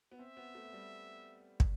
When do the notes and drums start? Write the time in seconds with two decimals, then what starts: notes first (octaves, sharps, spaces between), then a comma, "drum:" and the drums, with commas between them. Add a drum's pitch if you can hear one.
0.11 B3
0.19 C4 E5
0.37 B3
0.55 A3
0.73 G3
1.60 drum: kick